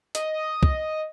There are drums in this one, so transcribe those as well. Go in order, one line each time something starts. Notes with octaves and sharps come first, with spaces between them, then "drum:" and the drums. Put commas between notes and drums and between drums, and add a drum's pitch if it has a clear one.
D#5, drum: hi-hat
drum: kick